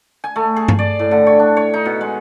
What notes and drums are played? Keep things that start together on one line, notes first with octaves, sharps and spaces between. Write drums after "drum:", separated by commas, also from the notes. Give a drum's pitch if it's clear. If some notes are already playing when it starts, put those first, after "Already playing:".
G#5
A3
G#4
drum: tom G2
D5
A2
D3
C#5
D4
C#5
D#4
B2
G#3